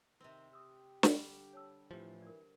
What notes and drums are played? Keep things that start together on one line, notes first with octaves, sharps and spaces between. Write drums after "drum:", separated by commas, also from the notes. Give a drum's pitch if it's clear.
C3 D#3 C4
G4 D#6 E6
D3 G3, drum: snare
C#5 A5 E6
A2 E3 F3 G4 C5
A#4 D5